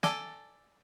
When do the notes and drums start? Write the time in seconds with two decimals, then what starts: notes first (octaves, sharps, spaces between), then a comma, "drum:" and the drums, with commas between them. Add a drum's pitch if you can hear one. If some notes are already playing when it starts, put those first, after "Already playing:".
0.03 A4 D5 G#5, drum: snare